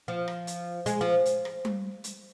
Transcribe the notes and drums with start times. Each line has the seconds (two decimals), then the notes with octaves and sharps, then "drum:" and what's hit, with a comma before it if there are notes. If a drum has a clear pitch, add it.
0.08 F3
0.28 drum: rim click
0.47 drum: hi-hat
0.86 G#3, drum: hi-hat
1.01 F3
1.26 drum: hi-hat
1.45 drum: rim click
1.65 drum: tom G3
2.04 drum: hi-hat